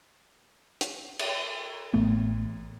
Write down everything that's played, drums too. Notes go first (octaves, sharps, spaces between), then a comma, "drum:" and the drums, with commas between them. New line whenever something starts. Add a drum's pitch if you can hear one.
drum: hi-hat
drum: cymbal
A1 A3 B3